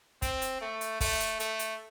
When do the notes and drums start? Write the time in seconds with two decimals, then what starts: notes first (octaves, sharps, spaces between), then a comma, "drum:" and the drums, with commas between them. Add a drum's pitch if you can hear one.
0.22 C4, drum: kick, hi-hat
0.42 drum: hi-hat
0.61 A3
0.81 drum: hi-hat
1.01 A3, drum: kick, open hi-hat
1.20 drum: hi-hat
1.40 A3, drum: hi-hat
1.59 drum: hi-hat